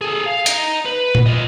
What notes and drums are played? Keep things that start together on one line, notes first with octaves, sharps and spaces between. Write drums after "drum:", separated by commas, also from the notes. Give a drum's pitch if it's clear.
G#4 A4
F5
D#5 A#5, drum: hi-hat
B4
drum: tom A#2
F4 D#5